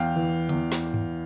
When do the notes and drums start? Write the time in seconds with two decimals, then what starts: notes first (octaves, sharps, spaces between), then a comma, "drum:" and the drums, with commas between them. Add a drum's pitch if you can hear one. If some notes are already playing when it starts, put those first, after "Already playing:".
Already playing: E2 F5 G5
0.16 E3
0.49 E2, drum: hi-hat
0.72 drum: snare
0.94 drum: tom G2